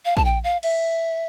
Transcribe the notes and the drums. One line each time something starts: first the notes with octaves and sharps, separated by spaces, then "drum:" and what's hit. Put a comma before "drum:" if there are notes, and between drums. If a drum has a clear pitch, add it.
F5
A5, drum: kick
G5
F5
E5, drum: cymbal